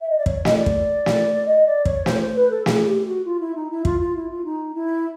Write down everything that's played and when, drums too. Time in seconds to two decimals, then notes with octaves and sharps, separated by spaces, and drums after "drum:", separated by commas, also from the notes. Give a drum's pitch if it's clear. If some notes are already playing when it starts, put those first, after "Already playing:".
0.01 E5
0.09 D#5
0.18 D5
0.26 C#5, drum: kick
0.45 D#5, drum: snare
0.57 D5
0.66 drum: kick
1.06 drum: snare
1.46 D#5
1.67 D5
1.85 C#5, drum: kick
2.06 C5, drum: snare
2.15 C#5
2.21 C5
2.36 B4
2.50 A4
2.66 G#4, drum: snare
2.86 G4
3.06 F#4
3.25 F4
3.40 E4
3.55 D#4
3.71 E4
3.85 F4, drum: kick
4.00 F4
4.16 E4
4.30 F4
4.45 D#4
4.75 E4